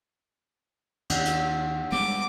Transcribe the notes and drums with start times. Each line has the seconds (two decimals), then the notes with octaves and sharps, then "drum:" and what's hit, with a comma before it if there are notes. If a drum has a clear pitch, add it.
1.10 D#2, drum: cymbal
1.25 drum: hi-hat
1.92 G3 G#3 B3 D6